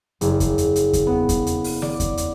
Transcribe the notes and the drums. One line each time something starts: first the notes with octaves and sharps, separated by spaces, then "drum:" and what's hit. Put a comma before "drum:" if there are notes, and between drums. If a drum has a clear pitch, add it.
F#1, drum: hi-hat
drum: kick E2, hi-hat
drum: hi-hat
drum: hi-hat
drum: kick E2, hi-hat
B3
drum: kick E2, hi-hat
drum: hi-hat
drum: open hi-hat
D5, drum: snare
drum: kick E2, hi-hat
drum: hi-hat